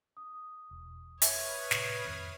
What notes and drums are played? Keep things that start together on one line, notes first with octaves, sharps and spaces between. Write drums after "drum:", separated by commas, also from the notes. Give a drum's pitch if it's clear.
D#6
E1
B4 C#5 E5 D#6 F6 C#7, drum: hi-hat
A2 C3, drum: snare
F2 D#3 C4